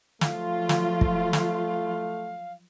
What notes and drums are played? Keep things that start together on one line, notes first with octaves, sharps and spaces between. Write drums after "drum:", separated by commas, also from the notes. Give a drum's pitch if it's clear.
F3 F#3 A3 F4 F5, drum: snare
drum: snare
drum: kick
drum: snare